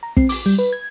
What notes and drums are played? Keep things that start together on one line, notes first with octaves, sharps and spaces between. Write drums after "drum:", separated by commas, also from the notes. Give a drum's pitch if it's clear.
A#5
C4, drum: kick
D6, drum: open hi-hat
G3
B4
G#6